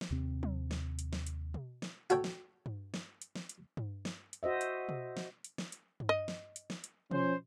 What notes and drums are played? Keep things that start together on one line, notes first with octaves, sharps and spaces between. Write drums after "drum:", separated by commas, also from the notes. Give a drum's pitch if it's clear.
drum: snare
D#2 C3 C4
drum: tom F3
drum: snare
drum: hi-hat
drum: snare
drum: hi-hat
drum: tom B2
drum: snare
F#4 A4 C#5 G5, drum: hi-hat
drum: snare
drum: tom G2
drum: snare
drum: hi-hat
drum: snare
drum: hi-hat
drum: tom G2
drum: snare
drum: hi-hat
F#4 C5 D#5 E5
drum: hi-hat
drum: tom B2
drum: snare
drum: hi-hat
drum: snare
drum: hi-hat
drum: tom G2
D#5
drum: snare
drum: hi-hat
drum: snare
drum: hi-hat
F3 C#4 C5, drum: tom B2